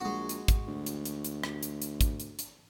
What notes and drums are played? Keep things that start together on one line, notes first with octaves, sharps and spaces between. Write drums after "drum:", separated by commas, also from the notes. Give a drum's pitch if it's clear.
A#1 G#3 F#4
drum: hi-hat
drum: kick, hi-hat
D2
drum: hi-hat
drum: hi-hat
drum: hi-hat
drum: rim click
drum: hi-hat
drum: hi-hat
drum: kick, hi-hat
drum: hi-hat
drum: hi-hat